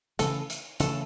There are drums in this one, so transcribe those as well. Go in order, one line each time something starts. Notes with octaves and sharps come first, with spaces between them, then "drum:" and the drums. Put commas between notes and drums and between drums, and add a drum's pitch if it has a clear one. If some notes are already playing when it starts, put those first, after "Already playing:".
C#3 E3 A3 A4, drum: hi-hat
drum: hi-hat
C#3 E3 A3 A4, drum: hi-hat